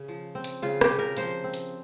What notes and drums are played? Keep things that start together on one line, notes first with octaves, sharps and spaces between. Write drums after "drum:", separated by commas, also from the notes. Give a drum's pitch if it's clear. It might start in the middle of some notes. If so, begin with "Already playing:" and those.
Already playing: C#3
F3
C4
drum: hi-hat
C#3 F4
G4, drum: rim click
C#3
A#4
F3 C5, drum: hi-hat
C4
drum: hi-hat